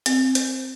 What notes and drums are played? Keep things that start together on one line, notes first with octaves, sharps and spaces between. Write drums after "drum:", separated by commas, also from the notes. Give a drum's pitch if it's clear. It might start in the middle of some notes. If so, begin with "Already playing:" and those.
C4, drum: hi-hat
C5, drum: hi-hat